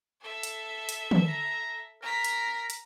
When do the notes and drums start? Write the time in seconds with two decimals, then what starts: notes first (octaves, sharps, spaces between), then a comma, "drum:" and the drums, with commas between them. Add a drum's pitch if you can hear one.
0.21 A4 E5
0.43 drum: hi-hat
0.89 drum: hi-hat
1.11 drum: tom
1.28 A#5
2.02 A#4 A#5 B6
2.24 drum: hi-hat
2.70 drum: hi-hat